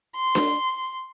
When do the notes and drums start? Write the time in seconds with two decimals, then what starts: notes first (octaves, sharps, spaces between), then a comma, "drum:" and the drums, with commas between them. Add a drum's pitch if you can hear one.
0.16 C6
0.35 drum: snare D4